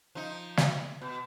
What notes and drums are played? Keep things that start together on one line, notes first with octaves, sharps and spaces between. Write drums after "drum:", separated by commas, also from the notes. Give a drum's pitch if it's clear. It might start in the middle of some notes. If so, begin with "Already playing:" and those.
F3 D#4
drum: snare
B2